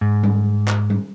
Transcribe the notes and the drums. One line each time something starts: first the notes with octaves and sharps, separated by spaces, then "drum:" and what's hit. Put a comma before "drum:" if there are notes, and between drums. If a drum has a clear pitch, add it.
G#2
drum: tom G3
drum: clap
drum: tom G3